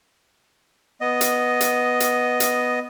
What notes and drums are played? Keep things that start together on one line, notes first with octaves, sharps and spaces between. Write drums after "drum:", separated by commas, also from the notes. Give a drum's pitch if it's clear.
B3 D#5
drum: hi-hat
drum: hi-hat
drum: hi-hat
drum: hi-hat